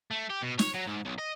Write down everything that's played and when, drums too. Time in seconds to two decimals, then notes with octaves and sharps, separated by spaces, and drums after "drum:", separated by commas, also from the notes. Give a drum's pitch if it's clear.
0.11 A3
0.30 G4
0.43 B2
0.59 C#5, drum: snare
0.75 F#3
0.87 G#2
1.05 B1
1.19 D#5